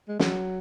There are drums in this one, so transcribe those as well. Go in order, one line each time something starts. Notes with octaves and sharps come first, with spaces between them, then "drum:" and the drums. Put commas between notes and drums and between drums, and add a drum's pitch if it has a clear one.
G#3
F#3, drum: snare